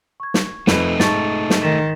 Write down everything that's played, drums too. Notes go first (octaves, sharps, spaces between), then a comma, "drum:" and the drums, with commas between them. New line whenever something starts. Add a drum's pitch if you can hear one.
C#6 G#6
drum: snare
F2 A3 D#4 B4, drum: snare
G#2 A5 C#6 A6, drum: snare
drum: snare
D#3 A6 B6 E7